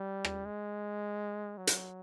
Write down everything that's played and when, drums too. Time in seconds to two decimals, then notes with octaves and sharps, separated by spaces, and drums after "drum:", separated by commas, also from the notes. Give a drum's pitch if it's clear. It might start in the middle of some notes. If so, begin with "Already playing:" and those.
Already playing: G3
0.25 drum: rim click
0.45 G#3
1.57 F#3
1.67 drum: hi-hat